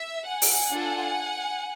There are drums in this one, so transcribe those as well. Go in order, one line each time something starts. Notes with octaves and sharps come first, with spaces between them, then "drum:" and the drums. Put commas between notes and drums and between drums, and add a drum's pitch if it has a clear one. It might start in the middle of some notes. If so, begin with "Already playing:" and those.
Already playing: E5
F#5 G#5
drum: open hi-hat
D4 F4 A4